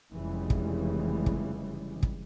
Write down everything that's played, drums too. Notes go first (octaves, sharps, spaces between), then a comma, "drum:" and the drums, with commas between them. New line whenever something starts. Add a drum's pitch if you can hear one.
F1 C#3 E3 G3 G#3
drum: kick
drum: kick
drum: kick